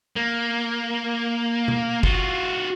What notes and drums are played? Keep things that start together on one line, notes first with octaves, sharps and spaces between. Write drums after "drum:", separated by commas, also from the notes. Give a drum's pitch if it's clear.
A#3
drum: tom B2
F4 F#4, drum: kick